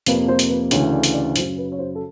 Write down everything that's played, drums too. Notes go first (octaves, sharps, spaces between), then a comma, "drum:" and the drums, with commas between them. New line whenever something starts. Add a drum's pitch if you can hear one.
F2 C3 F3 A#3 B4, drum: hi-hat
C5
drum: hi-hat
B4
D2 C#3 E3 A3 C#5, drum: hi-hat
D5
drum: hi-hat
D5
F#2 C#3 F#3 C5, drum: hi-hat
B4
C#5
C5
A4